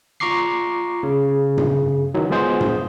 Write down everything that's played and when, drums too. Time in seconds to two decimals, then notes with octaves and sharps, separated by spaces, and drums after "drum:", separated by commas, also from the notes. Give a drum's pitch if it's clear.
0.20 F4 A#5 C#6 D6 C7
1.03 C#3
1.58 drum: tom G2
2.14 D#3 E3 F#3
2.30 G#3 B3 F4 G#4 C5
2.60 drum: tom G2